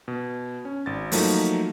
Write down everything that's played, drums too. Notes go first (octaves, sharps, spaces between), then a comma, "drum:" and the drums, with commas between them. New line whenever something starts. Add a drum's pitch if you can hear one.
B2
C#4
G#1 A6
F3 F#3 A3 A#3 D#4, drum: open hi-hat